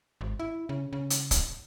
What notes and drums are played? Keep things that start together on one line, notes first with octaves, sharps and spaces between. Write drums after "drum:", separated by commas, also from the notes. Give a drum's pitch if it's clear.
G#1
E4
C#3
C#3
drum: hi-hat
drum: kick C#1, hi-hat